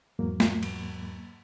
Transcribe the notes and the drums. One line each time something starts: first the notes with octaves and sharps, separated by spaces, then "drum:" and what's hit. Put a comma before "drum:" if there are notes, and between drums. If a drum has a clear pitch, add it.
E2 G#2 F#3 A#3
drum: snare
drum: cymbal